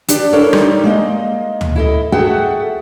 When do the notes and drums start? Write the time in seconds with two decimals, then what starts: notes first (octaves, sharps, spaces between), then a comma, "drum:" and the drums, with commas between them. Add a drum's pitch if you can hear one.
0.08 D4 G4 D5, drum: hi-hat
0.32 D4 E4 A4 A#4 C#5
0.53 G3 D#4, drum: rim click
0.84 G#3 A#3 D#5
1.61 drum: tom
1.76 E4 A4 D#5
2.12 F#4 G#4 A4 E5 F#5 G5